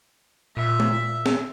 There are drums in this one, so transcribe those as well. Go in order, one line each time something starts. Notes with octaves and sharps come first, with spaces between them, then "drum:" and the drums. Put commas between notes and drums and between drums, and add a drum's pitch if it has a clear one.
A#2 E5
drum: tom G#3
drum: snare